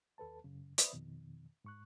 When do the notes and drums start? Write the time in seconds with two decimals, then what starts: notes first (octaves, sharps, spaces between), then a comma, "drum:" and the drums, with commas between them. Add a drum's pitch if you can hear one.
0.18 D#2 A4 B4 A5
0.44 F#2 C#3
0.78 B4 C5 D5 E5 B5 D#6, drum: hi-hat
0.93 F2 B2 D#3
1.64 G#2 C#6 F#6